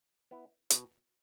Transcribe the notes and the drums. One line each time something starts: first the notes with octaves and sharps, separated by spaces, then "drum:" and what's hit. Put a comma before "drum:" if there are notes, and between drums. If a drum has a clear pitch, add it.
B3 E4
B2, drum: hi-hat